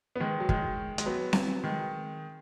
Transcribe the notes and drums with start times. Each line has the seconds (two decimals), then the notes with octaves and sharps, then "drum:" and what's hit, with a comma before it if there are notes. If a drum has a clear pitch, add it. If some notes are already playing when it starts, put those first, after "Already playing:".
0.16 B3
0.20 D#3 G#3
0.40 F#3
0.49 D#3 G#3, drum: kick
0.98 G#3, drum: hi-hat
1.06 F#3 B3
1.33 drum: snare C4
1.64 D#3 G#3